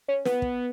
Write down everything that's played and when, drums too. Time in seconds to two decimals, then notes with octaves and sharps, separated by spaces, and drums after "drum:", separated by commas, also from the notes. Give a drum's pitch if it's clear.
0.08 C#4
0.25 B3, drum: snare
0.42 drum: kick